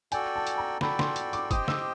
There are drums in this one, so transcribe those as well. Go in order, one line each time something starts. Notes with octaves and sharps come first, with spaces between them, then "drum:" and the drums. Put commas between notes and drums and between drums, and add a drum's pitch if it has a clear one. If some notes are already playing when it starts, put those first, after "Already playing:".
F#4 A4 D5 G5 G#5, drum: hi-hat
A5
drum: hi-hat
A#5
F#4 A4 D5 G5 B5, drum: snare
C6, drum: snare
drum: hi-hat
D6, drum: hi-hat
G4 C5 D#5 G5 D#6, drum: kick, hi-hat
E6, drum: snare